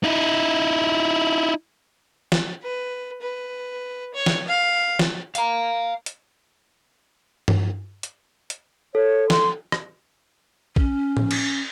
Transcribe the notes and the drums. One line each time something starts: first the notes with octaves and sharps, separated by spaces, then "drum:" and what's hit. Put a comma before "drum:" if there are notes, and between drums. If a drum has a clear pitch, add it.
D#4 E4
drum: snare
B4
B4
C#5
drum: snare
F5
drum: snare
F5 A#5, drum: hi-hat
drum: hi-hat
drum: tom G2
drum: hi-hat
drum: hi-hat
A4 C#5
C6, drum: snare
drum: rim click
C#4, drum: kick
drum: tom A2
drum: cymbal